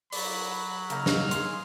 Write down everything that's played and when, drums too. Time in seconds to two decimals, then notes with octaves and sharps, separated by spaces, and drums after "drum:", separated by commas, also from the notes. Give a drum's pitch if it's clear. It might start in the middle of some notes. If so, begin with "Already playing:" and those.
0.12 F#3 D5 B5, drum: open hi-hat
0.90 C#3 A#3 D#4 F6, drum: hi-hat
1.06 drum: snare
1.31 G#4 C6, drum: hi-hat